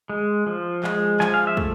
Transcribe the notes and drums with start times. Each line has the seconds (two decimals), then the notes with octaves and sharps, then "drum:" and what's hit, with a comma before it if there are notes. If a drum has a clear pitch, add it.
0.09 G#3
0.47 F3
0.84 G#3, drum: clap
1.20 F3 G#5, drum: clap
1.34 F5
1.47 E5
1.57 A3, drum: kick